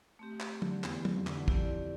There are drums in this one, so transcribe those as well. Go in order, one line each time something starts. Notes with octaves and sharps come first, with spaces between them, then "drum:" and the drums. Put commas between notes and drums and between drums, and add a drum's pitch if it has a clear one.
A3 C4 G4
drum: clap
D3, drum: tom
E2 E3, drum: clap
drum: tom
F2 F3
D3, drum: clap
E3
F2 F3 E4 G4 D5, drum: kick